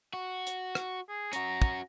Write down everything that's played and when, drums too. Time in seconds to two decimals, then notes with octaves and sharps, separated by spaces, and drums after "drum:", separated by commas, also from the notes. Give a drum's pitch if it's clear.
0.13 F#4
0.47 drum: hi-hat
0.75 drum: rim click
1.09 G#4
1.33 C#4 F#4 A#5, drum: hi-hat
1.62 drum: kick